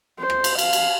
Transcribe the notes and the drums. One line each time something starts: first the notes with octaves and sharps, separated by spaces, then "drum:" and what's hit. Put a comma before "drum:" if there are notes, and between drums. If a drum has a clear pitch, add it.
C5
drum: rim click
drum: cymbal
F5, drum: cymbal
drum: cymbal